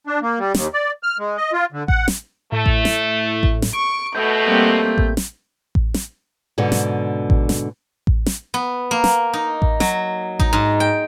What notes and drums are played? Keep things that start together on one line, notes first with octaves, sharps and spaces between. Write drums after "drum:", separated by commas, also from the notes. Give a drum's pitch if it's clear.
D4
A#3
G3
D#2, drum: snare
D5
F6
G#3
D#5
F4
D3
F#5, drum: kick A1
drum: snare
A2 A3
drum: kick A1
drum: snare
drum: kick A1
drum: snare
C#6 D7
B2 A3 G6
G3 A#3 C4
drum: kick A1
drum: snare
drum: kick A1
drum: snare
G#2 B2 D3
drum: snare
drum: kick A1
drum: snare
drum: kick A1
drum: snare
B3
A#3
drum: snare
D#4
drum: kick A1
F#3, drum: snare
D#4, drum: kick A1
G#2
G5